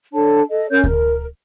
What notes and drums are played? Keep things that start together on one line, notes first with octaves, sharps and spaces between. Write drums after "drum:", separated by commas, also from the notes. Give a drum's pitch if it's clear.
D4 A4 C#5 A5
A4 D#5
C#4 A#4 C#5 G6
A#4, drum: kick D2